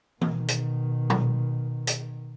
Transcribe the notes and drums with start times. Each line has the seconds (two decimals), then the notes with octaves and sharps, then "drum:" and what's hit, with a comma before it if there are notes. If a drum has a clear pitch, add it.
0.21 B2 D#3, drum: tom E3
0.48 drum: hi-hat
1.10 drum: tom
1.87 drum: hi-hat